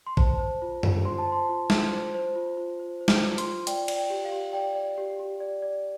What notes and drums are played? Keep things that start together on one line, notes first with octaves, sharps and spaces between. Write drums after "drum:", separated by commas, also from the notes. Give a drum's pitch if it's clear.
C6
C5 A5, drum: kick
C5
F4
F4, drum: tom F#2
C5 C6
A5
C5 C6
F4
F4, drum: snare
C5
C5
F4
F4
C5
C5
F6, drum: snare
F4
C6, drum: hi-hat
F4
D5 G5, drum: hi-hat
D5, drum: cymbal
G5
G4
F5
G4
D5 G5
D5
G4
G4
D5
D5